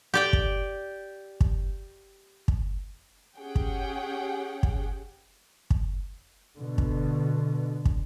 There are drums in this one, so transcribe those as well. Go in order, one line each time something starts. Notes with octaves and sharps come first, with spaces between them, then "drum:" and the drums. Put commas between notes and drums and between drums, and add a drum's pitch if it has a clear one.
G4 D5 G5
drum: kick
drum: kick
drum: kick
C#4 G4 G#4 F#5 G5
drum: kick
drum: kick
drum: kick
B2 D3
drum: kick
drum: kick